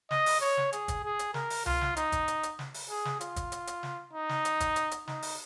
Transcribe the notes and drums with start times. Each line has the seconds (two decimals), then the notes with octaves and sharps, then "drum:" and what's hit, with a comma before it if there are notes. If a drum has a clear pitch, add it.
0.11 D#5, drum: snare
0.26 drum: open hi-hat
0.41 C#5
0.57 drum: snare
0.73 G#4, drum: hi-hat
0.88 drum: kick, hi-hat
1.04 G#4
1.19 drum: hi-hat
1.34 A#4, drum: snare
1.50 drum: open hi-hat
1.66 F4, drum: tom C2
1.81 drum: snare
1.97 D#4, drum: hi-hat
2.12 drum: kick, hi-hat
2.28 drum: hi-hat
2.43 drum: hi-hat
2.59 drum: snare
2.74 drum: open hi-hat
2.89 G#4
3.05 drum: snare
3.21 F4, drum: hi-hat
3.36 drum: kick, hi-hat
3.52 drum: hi-hat
3.67 drum: hi-hat
3.83 drum: snare
4.13 D#4
4.29 drum: snare
4.45 drum: hi-hat
4.60 drum: kick, hi-hat
4.76 drum: hi-hat
4.91 drum: hi-hat
5.08 D#4, drum: snare
5.22 drum: open hi-hat